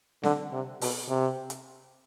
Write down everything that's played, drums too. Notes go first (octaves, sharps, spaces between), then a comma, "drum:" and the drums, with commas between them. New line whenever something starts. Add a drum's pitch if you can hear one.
D3, drum: snare C4
C3
B2, drum: open hi-hat
C3
drum: hi-hat